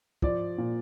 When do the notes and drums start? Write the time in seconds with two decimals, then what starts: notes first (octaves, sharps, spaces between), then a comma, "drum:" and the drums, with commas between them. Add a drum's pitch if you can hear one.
0.22 F3 D5, drum: kick
0.58 A#2